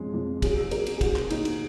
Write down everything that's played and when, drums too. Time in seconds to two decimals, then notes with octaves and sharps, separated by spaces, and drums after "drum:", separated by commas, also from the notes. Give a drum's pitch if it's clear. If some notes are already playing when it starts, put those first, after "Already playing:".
Already playing: F2 C#3 G#3
0.14 F2
0.42 F#3 G#4, drum: kick, cymbal
0.63 G#4
0.71 F#3 A#4, drum: cymbal
0.86 drum: cymbal
0.97 G#4
1.01 F#3 F#4, drum: kick, cymbal
1.16 drum: clap
1.30 D#2 D#4, drum: cymbal
1.45 drum: cymbal